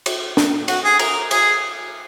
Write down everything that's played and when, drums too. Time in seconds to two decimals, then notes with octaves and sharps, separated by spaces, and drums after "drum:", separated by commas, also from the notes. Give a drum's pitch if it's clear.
0.06 drum: cymbal
0.37 drum: snare
0.68 F#4, drum: cymbal
0.84 G#4
0.99 A#4, drum: cymbal
1.31 G#4, drum: cymbal